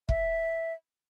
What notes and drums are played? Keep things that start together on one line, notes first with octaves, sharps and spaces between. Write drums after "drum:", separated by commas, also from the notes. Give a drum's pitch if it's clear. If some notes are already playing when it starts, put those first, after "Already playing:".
E5, drum: kick